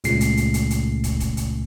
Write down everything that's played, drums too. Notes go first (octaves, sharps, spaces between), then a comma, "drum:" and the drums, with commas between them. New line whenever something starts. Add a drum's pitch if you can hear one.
C#2 A#2 C#3 A3 C7, drum: hi-hat
drum: hi-hat
drum: hi-hat
drum: hi-hat
drum: hi-hat
drum: kick, hi-hat
drum: kick, hi-hat
drum: hi-hat